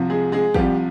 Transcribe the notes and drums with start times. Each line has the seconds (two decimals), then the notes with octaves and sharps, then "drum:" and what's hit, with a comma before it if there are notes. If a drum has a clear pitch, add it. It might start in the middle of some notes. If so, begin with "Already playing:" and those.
Already playing: C2 C3 F3
0.10 G#3 G#4
0.32 G#3 G#4
0.54 C2 C3 F3 G3 G4, drum: kick